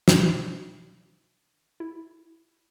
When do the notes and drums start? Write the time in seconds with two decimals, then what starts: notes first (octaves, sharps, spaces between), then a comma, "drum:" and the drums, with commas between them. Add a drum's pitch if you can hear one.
0.08 B2, drum: snare
1.80 E4